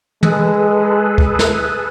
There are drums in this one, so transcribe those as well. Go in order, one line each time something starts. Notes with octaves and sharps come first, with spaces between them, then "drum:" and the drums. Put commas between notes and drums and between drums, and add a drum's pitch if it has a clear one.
G#3 G#4 A4 B4, drum: tom
drum: kick
drum: snare